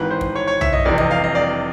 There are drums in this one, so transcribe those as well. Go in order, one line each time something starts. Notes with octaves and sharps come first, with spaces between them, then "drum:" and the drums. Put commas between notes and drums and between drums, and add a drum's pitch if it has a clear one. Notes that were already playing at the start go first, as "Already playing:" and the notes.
Already playing: G#1 G#2 E3 B4
C5
drum: kick
C#5
C#5
E5, drum: tom B1
D#5
F1 E2 C3 E3 D5
D#5, drum: kick
F5
D#5
D5